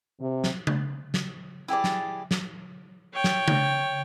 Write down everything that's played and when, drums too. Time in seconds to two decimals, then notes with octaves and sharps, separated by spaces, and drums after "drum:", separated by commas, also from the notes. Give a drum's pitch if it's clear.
0.20 C3
0.44 drum: snare
0.67 drum: tom C#3
1.14 drum: snare
1.68 E4 G4 G#4 D5
1.84 drum: snare
2.31 drum: snare
3.13 C#5 G5
3.24 drum: snare
3.48 drum: tom C#3